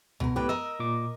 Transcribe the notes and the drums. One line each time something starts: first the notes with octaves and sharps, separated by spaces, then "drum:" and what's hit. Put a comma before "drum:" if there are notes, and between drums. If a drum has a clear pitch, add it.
B2 A#4, drum: tom C2
A2 G4 B4 G5
A#4 D#5 E6
A#2 D6